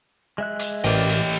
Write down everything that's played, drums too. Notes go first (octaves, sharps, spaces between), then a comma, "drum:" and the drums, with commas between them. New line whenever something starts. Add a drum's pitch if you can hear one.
G#3 E5 F#6
drum: hi-hat
A1 E4 G4 A#4 D5 D#5 G5, drum: hi-hat
drum: hi-hat